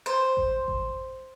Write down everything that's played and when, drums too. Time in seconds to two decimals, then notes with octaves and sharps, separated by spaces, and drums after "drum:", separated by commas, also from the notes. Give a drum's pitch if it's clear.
0.06 C5
0.37 drum: kick G#1
0.68 drum: kick G#1